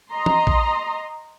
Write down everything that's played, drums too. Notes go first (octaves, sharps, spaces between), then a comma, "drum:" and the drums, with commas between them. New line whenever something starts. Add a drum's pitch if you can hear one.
D#5 A#5 C6
drum: tom
drum: kick A#1